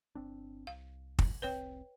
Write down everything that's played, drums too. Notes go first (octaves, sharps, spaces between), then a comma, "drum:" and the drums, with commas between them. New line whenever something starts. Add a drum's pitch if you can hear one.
G1 C4 D4
C2 F5
drum: kick
F1 C2 C4 B4 C#5 G5